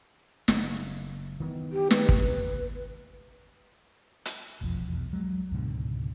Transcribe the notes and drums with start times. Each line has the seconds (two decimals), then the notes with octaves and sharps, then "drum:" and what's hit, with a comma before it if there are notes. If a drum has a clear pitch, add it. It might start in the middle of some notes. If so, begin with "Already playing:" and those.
0.48 F#1, drum: snare
1.40 D#3 E3 B3
1.72 G4
1.91 B4, drum: snare
2.09 drum: kick
4.25 drum: hi-hat
4.61 F1 B1 E2 F3
4.88 B1 E2
5.13 F#3 G#3
5.51 C#2 G#2 B2 D3